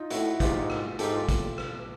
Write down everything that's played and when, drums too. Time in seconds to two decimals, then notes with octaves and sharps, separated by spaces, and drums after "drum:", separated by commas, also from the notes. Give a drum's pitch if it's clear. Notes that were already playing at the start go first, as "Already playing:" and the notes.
Already playing: D#4 F4
0.10 A2 E4 F#4, drum: hi-hat
0.40 G#2 F4 G4, drum: kick, hi-hat
0.55 F#4 G#4
0.70 drum: rim click
0.99 G#2 G4 A4, drum: hi-hat
1.13 F4 G4
1.29 drum: kick, hi-hat
1.58 drum: rim click